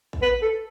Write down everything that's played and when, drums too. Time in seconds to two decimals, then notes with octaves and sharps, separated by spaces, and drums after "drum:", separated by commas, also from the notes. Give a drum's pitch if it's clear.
0.13 drum: kick A1
0.22 B4
0.42 A4